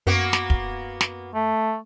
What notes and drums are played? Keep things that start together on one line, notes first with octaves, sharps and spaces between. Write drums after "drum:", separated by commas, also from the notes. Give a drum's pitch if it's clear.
F#2 A#3 B3 F#4
drum: snare
drum: kick
drum: snare
A3